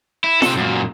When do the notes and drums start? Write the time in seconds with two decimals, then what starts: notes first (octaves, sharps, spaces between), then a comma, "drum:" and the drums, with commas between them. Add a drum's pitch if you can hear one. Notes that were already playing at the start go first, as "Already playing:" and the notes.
0.24 E4
0.42 C3 A4, drum: snare
0.57 F#2 A#2